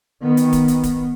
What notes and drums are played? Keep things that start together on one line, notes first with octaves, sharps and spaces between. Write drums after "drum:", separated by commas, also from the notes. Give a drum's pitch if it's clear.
D#3 B3
drum: hi-hat
drum: kick D1, hi-hat
drum: hi-hat
drum: kick D1, hi-hat